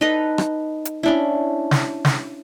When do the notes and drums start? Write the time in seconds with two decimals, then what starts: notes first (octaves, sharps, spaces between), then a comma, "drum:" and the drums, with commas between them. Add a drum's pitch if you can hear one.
0.01 D#4 A4 B4 D#5
0.38 drum: rim click
0.85 drum: hi-hat
1.03 C#4 D4 E4
1.71 drum: snare
2.05 drum: snare